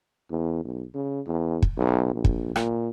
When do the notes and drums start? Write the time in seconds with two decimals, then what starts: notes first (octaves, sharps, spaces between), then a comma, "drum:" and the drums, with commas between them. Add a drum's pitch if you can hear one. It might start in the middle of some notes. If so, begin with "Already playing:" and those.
0.31 E2
0.65 B1
0.95 C#3
1.26 E2
1.62 drum: kick
1.78 B1
2.14 A#1
2.25 drum: kick
2.56 A#2, drum: rim click